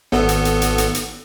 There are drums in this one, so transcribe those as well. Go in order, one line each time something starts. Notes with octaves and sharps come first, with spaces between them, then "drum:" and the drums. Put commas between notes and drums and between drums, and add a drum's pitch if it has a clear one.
G#1 B3 A4, drum: snare
drum: hi-hat
drum: hi-hat
drum: hi-hat
drum: hi-hat
drum: hi-hat